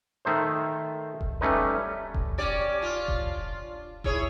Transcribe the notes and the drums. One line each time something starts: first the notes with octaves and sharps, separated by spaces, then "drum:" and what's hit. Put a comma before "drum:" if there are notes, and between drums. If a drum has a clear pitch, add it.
D#3 A3 D#4 C5
drum: kick E1
G3 A3 C#4 D#4 B4
drum: kick E1
C#4 G4 D5
D4 F4
drum: kick E1
E4 G#4 C#5, drum: kick E1